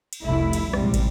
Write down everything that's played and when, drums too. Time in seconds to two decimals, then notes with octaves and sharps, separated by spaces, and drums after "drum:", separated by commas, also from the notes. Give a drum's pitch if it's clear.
0.13 drum: cymbal
0.24 F1 C2 A3 E4
0.53 drum: cymbal
0.74 A#1 F2 G#2 C3 G3 G#3, drum: rim click
0.94 drum: kick, cymbal